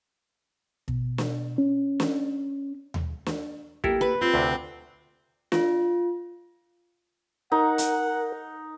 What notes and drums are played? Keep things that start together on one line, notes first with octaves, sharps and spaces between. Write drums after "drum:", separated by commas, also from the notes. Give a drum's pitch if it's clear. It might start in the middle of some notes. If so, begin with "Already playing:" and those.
B2, drum: kick
drum: snare
C#4
drum: snare
drum: tom D#2
drum: snare
A#3 E4 G4 A4 A#4, drum: kick
B4
C4 F4
D2 C3 D4
F4, drum: snare
D#4 A#4 F#5
drum: hi-hat